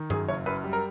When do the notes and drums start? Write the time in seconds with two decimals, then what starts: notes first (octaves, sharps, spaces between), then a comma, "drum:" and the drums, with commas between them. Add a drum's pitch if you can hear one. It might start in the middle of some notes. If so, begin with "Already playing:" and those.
Already playing: D#3
0.10 F#2 G#4, drum: tom G2
0.28 F#1 C#5
0.46 F#2 B4
0.64 G3
0.73 A#4